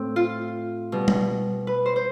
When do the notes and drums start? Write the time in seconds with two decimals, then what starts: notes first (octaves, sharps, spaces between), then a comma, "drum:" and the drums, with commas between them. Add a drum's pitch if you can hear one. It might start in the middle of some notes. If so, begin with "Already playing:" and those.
Already playing: A2 C4
0.16 F4
0.92 B2 G3
1.08 drum: tom G3
1.67 B4
1.86 C5
1.96 C5